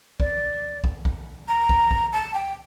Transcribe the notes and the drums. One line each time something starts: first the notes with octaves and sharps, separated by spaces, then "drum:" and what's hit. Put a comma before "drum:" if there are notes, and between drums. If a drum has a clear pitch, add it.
D5, drum: kick
drum: kick
drum: kick
A#5
drum: kick
drum: kick
A5
G5